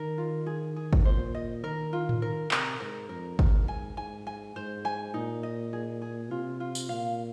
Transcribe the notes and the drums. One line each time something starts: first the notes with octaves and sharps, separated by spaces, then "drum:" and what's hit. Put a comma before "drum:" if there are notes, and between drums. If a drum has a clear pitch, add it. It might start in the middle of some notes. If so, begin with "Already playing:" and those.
Already playing: D#3 A#4
F4
G#4
G#4
drum: kick G#1
A#2 C5
D#5
D#3 A#4
F4
drum: tom A2
D#3 A#4
C3 A#4, drum: clap
G#2 A#4
F2 A#4
G#2 A#4, drum: kick G#1
G#5
G#2 G#5
G#5
G#2 C5
G#5
A#2 D#4
D#5
G#4
G#4
C3 F4
F4
drum: tambourine
A#2 F5